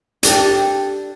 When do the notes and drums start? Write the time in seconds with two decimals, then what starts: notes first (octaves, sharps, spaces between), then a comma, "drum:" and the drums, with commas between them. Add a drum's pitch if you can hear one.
0.23 D4 G4 A4, drum: hi-hat